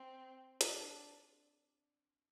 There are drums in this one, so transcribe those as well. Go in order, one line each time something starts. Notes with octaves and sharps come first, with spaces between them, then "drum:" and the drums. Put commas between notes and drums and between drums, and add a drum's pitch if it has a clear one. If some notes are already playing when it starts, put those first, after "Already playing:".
Already playing: C4
D4, drum: hi-hat